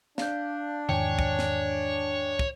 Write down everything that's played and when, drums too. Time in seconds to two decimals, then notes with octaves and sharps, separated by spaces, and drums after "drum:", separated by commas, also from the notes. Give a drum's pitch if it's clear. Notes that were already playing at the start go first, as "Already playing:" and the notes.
0.18 D4 F5 G6, drum: snare
0.89 E2 G#2 D#3 C#5 G5 G#5
1.19 drum: kick
1.39 drum: snare
2.39 drum: kick